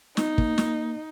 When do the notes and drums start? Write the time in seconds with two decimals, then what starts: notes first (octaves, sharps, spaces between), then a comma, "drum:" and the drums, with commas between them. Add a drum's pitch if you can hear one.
0.17 B3 D#4, drum: snare
0.38 A#3, drum: kick
0.58 A#3, drum: snare